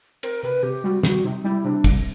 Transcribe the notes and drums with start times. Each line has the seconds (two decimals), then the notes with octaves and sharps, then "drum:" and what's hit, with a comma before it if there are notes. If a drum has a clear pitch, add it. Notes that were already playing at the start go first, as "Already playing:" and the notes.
0.23 C4 A#4, drum: cymbal
0.43 C3 B4
0.63 C3 G4
0.84 G3 F#4
1.03 G3 F#4, drum: snare
1.24 C3 D#4
1.44 G3 E4
1.65 C3 D4
1.84 C2, drum: kick, cymbal